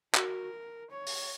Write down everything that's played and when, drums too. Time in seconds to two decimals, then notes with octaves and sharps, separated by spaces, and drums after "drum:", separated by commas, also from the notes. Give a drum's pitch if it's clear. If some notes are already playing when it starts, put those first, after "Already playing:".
0.15 F#4 A#4, drum: clap
0.91 C#5
1.07 drum: open hi-hat